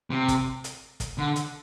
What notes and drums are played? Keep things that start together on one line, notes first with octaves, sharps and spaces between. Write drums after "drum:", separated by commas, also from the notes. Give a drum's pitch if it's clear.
C3
drum: kick, hi-hat
drum: hi-hat
drum: kick, hi-hat
D3
drum: hi-hat